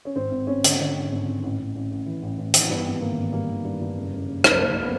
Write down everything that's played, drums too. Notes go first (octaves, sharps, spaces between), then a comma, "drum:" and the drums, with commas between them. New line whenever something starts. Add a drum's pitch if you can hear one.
C#4
G#1 C4
G#1
G#1 C#4
D3, drum: hi-hat
D3
G#1
G#1
G#1
A1
A1
A1
A1
E3
A1
A1
E3, drum: hi-hat
G2 B3
G#1
D#3 A#3
G#1
G2 A#3
D#3
G2
G2
F#1
F#1
C#3
C#3, drum: rim click
F#1 A#3
C#3
B3